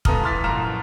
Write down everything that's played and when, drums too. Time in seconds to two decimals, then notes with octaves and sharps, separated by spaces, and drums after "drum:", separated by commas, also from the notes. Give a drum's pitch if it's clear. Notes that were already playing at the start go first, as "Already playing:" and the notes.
0.05 C#2 B3 A4 A#5 D#6 F6, drum: kick
0.23 E3 C6 F6 A6 B6
0.44 A#1 F#2 F4 A#5 F6 E7